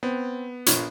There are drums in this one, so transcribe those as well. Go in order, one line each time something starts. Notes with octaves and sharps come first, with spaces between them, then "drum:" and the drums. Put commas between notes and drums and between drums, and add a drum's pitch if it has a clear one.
B3 C4
A#1 F4 C#5, drum: hi-hat